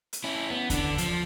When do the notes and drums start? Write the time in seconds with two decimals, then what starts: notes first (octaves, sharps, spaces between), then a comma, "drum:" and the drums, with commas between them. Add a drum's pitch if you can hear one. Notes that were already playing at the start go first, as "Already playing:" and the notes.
0.13 drum: hi-hat
0.24 C#4 E4
0.50 B3
0.70 D3 D4, drum: kick D#2, hi-hat
0.98 F3, drum: hi-hat